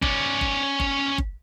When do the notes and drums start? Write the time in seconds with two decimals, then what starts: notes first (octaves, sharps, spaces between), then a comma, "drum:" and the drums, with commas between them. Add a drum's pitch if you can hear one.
0.03 C#4 D5, drum: kick G1
0.41 drum: kick G1
0.80 drum: kick G1
1.18 drum: kick G1